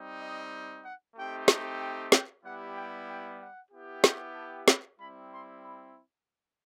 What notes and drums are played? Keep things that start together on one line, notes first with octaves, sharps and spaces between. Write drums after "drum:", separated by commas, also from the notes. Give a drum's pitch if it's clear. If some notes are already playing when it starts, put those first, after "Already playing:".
Already playing: G3 C4 D#4
D#5
F#5
A3 C4 D#4 G4 G5
drum: snare
G5
G5, drum: snare
G3 B3 E4 G4 F#5
G5
G5
F#5
B3 E4 G4
G5, drum: snare
A5
B5, drum: snare
G3 C4 E4 B5
C6
B5